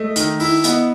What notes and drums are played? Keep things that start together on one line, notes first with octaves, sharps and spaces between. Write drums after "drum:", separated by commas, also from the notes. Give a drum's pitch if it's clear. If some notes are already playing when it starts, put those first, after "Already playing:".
Already playing: A3 D#5
D#3, drum: hi-hat
E4, drum: open hi-hat
B3 D#5, drum: hi-hat